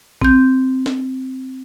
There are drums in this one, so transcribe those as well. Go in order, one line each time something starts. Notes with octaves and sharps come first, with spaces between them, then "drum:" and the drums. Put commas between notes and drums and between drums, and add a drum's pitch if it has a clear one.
C4 G6, drum: kick A1
drum: snare